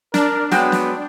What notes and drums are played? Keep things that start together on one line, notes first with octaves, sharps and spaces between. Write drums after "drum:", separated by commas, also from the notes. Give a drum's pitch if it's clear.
D4 A#4, drum: snare
F#3 G#3 B3 F#4 G5, drum: snare
drum: snare